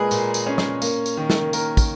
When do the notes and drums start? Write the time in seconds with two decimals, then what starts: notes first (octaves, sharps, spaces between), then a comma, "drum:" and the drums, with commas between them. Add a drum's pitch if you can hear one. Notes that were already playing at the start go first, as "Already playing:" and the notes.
Already playing: A#2 G#3 G#4 A#4 B4
0.11 A#2, drum: tambourine
0.34 drum: tambourine
0.47 C#4
0.58 drum: snare
0.82 A#3, drum: tambourine
1.06 drum: tambourine
1.17 D#3
1.30 drum: snare
1.53 A#3 A#4, drum: tambourine
1.77 drum: kick, tambourine